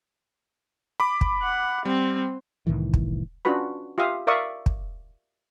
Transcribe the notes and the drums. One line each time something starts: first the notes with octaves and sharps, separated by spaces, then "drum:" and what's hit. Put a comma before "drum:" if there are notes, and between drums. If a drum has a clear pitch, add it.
B5 D6
drum: kick
F#5
G3 C4
C2 A2 D#3 E3
drum: kick
C#4 D4 F4 F#4 B4 B5
F4 G4 E5 F5 D#6
A#4 D5 E5 F5 C#6 D#6
drum: kick